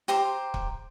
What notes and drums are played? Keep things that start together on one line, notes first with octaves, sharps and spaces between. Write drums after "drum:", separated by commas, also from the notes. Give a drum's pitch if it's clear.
G4 C5 A#5 C6
drum: kick